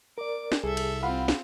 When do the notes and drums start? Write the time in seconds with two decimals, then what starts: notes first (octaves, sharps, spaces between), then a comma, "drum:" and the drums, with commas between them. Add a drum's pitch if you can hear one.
0.18 A#4 D5 D6
0.52 drum: snare
0.64 C2 G#4 A4 E5
0.77 drum: cymbal
1.03 C4 F4 F5 F#5 B5
1.28 drum: snare